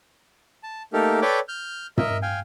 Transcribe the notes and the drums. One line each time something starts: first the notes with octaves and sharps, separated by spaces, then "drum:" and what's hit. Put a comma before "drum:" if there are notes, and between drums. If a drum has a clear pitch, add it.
A5
A3 A#3 D#4 G4 A4 A#4
A4 B4 C#5 D5 G5 D6
F6 G6
A#4 D#5 E5, drum: tom
F5 G5 G#5